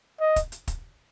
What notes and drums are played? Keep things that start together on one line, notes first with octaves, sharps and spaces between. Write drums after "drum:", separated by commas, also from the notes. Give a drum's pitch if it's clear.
D#5
drum: kick, hi-hat
drum: hi-hat
drum: kick, hi-hat